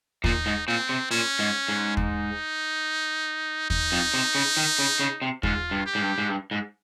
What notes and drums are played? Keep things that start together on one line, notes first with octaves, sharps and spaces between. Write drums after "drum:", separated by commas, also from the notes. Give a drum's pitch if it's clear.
A#2 D#4, drum: kick
G#2
A#2 C4
C3
A#2 C#4
G#2
G#2
D#4, drum: kick
D#4, drum: kick
F2
C3
C#3
D#3
C#3
C#3
C3
G#2 F4, drum: kick
G2
G4
G#2
G2
G#2
G2
G#2